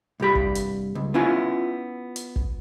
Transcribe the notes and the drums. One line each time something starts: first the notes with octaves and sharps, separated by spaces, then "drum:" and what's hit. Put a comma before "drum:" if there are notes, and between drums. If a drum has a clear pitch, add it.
C2 G2 G4 B5
drum: kick
drum: hi-hat
C#2
B3 C#4 E4 F4 G#5
drum: hi-hat
drum: kick